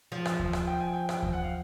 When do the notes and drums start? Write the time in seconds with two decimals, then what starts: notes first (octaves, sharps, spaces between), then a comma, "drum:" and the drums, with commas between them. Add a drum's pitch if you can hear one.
0.12 F3
0.25 drum: rim click
0.39 drum: kick D#2
0.53 drum: rim click
0.67 G5
0.80 G#5
0.94 G5
1.09 drum: rim click
1.23 G5, drum: kick D#2
1.33 F#5
1.44 F5